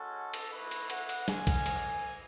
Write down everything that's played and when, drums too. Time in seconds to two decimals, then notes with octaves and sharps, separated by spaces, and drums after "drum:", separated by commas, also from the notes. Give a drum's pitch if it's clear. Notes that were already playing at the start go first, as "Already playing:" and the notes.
Already playing: G#3 C#4 F#4 A4
0.34 drum: cymbal
0.52 A3 E4 B4
0.71 drum: cymbal
0.90 F#5, drum: cymbal
1.09 drum: cymbal
1.28 G#3 C#4 F#4 G#5, drum: snare
1.47 drum: kick A#1, cymbal
1.66 drum: cymbal